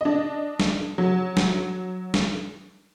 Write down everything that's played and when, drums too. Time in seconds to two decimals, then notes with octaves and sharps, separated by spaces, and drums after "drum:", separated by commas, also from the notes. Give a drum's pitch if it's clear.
0.01 D4 D#5
0.60 drum: snare
0.98 F#3
1.37 drum: snare
2.14 drum: snare